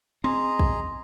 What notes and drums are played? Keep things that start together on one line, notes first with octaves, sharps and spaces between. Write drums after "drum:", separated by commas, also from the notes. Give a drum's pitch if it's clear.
C4 G#4 D#5 A#5 C6
drum: kick A#1